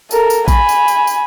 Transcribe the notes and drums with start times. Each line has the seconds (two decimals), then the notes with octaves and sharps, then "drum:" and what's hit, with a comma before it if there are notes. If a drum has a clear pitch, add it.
0.11 A4 A#4, drum: tambourine
0.30 drum: tambourine
0.48 G#5 B5, drum: kick A1, tambourine
0.69 drum: tambourine
0.88 drum: tambourine
1.07 drum: tambourine